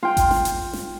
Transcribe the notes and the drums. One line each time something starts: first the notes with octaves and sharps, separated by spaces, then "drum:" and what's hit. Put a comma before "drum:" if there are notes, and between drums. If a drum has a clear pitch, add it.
F4 G5
drum: kick G#1, hi-hat
drum: snare
drum: hi-hat
drum: snare